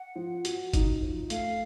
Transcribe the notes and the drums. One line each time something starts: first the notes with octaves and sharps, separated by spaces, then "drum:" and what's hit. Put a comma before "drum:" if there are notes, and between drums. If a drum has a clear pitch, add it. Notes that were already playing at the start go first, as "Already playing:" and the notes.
Already playing: F#5
F3
F#4, drum: hi-hat
D#4, drum: kick, hi-hat
F3
A3 F5, drum: hi-hat